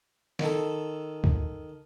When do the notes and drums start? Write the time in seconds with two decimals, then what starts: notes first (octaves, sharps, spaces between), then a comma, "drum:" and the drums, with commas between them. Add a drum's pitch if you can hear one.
0.39 D#3 A4, drum: snare
1.24 drum: kick